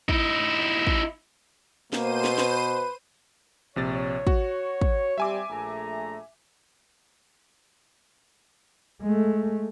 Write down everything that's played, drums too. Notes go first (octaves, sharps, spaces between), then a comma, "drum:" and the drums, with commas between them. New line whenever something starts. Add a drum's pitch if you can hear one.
D#4 E4, drum: kick
drum: kick
B2 A#3 C5 D#7, drum: snare
drum: snare
B4, drum: snare
A#1 C3 C#5 A6
F#4, drum: kick
drum: kick
G3 C4 E5 G#5 D6
A#1 A3 A#5
G#3 A3